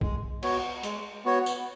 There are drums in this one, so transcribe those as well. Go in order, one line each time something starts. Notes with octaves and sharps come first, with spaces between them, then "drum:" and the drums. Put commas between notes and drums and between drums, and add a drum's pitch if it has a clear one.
G#3, drum: kick
B3 F#4 C#5, drum: cymbal
G#3, drum: hi-hat
B3 F#4 C#5
drum: tambourine